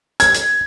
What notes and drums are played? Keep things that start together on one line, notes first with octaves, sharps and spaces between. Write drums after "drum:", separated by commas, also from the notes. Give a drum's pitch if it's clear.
G#6, drum: hi-hat
drum: hi-hat